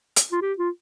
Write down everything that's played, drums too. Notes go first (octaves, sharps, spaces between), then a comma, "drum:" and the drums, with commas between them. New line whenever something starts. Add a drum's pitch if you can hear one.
drum: hi-hat
F4
G4
F4